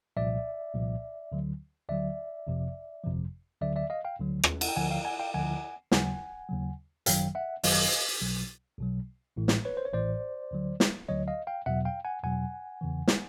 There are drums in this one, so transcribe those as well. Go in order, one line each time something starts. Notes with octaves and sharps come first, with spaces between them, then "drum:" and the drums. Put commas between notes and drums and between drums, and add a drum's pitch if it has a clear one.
C2 A#2 F3 D5 E5
C2 A#2 F3
D2 D3 F#3
D2 D3 F#3 D5 E5
G1 F2 C3 F3
G1 F2 C3 F3
D2 D3 F#3 D5 E5
D5 E5
D#5 F5
F5 G5
D2 D3 F#3
drum: rim click
F#5, drum: cymbal
G5
D2 D3 F3 F#5 G#5
F5 G5
F#5 G#5
F5 G5
D2 D3 F3 F#5 G#5
D#2 C#3 F#3 F#5 G#5, drum: snare
D#2 C#3 F#3
G#1 F#2 D#3 F#3 F5 G5, drum: hi-hat
E5 F#5
G#1 F#2 D#3 F#3 D#5 F5, drum: open hi-hat
B1 B2 F#3
B1 B2 F#3
A1 A2 E3
drum: snare
B4 C#5
C5
C#5
A1 A2 E3 C5 D5
D2 D3 F#3
drum: snare
D2 D3 F#3 C#5 D#5
D#5 F5
F5 G5
E2 B2 F#3 E5 F#5
F5 G5
F#5 G#5
E2 B2 F#3 F#5 G#5
E2 C#3 E3
drum: snare